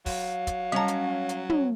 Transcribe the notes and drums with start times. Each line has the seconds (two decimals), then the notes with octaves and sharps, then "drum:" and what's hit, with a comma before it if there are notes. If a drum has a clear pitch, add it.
0.06 F#3 F5, drum: kick, open hi-hat
0.47 drum: kick, hi-hat
0.72 G3 C#4 A5 A#5
0.88 drum: hi-hat
1.29 drum: hi-hat
1.50 drum: tom